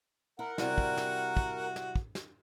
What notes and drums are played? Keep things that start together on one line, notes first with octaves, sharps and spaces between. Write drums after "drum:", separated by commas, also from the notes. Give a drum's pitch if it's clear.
E4 A#4 F#5
C3 G3 E4 F#4, drum: snare
drum: kick
drum: snare
drum: kick
drum: snare
drum: kick
drum: snare